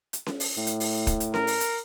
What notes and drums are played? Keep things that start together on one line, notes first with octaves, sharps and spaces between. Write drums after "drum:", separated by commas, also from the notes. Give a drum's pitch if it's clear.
drum: hi-hat
drum: snare C#4
drum: open hi-hat
A2
drum: hi-hat
drum: open hi-hat
drum: kick, hi-hat
drum: hi-hat
A#4, drum: snare C#4
drum: open hi-hat
drum: hi-hat